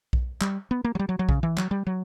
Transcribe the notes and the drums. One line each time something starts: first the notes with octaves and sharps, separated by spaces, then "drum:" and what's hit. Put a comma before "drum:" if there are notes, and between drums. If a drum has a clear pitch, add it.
drum: kick B1
G3, drum: clap
B3
A#3
F#3
G3
F#3
F#3
C#3, drum: kick B1
E3
F#3, drum: clap
G3
F#3